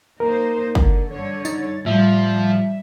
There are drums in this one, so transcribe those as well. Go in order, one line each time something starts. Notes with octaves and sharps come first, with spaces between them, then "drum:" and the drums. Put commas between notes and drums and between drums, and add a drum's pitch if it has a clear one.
A#3 D#4 A#4 C5
D3, drum: kick
G2 D3 C#5
D#4 A6, drum: tambourine
A2 F3 G3 E5